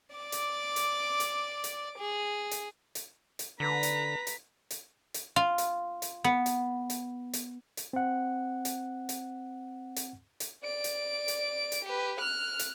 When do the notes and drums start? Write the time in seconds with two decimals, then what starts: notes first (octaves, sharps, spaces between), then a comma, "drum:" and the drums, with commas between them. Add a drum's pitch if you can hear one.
0.16 D5 D6
0.32 drum: hi-hat
0.76 drum: hi-hat
1.20 drum: hi-hat
1.64 drum: hi-hat
1.99 G#4
2.51 drum: hi-hat
2.95 drum: hi-hat
3.39 drum: hi-hat
3.60 D3 B4 A#5 B6
3.83 drum: hi-hat
4.27 drum: hi-hat
4.71 drum: hi-hat
5.14 drum: hi-hat
5.36 F4
5.58 drum: hi-hat
6.02 drum: hi-hat
6.24 B3
6.46 drum: hi-hat
6.90 drum: hi-hat
7.33 drum: hi-hat
7.77 drum: hi-hat
7.93 C4 F#5
8.65 drum: hi-hat
9.09 drum: hi-hat
9.96 drum: hi-hat
10.40 drum: hi-hat
10.64 D5 D7
10.84 drum: hi-hat
11.28 drum: hi-hat
11.72 drum: hi-hat
11.85 G4 B4
12.20 F6 F#6
12.59 drum: hi-hat